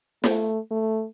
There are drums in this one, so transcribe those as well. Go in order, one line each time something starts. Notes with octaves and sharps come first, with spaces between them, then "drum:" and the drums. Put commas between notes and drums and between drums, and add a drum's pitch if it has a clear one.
A3, drum: snare
A3